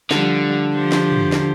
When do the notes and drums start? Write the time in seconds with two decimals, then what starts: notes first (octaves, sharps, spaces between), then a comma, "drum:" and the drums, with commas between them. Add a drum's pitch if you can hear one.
0.11 D3 F3 G3, drum: snare
0.76 F3 G4 C5
0.92 drum: snare
1.12 drum: tom
1.32 drum: snare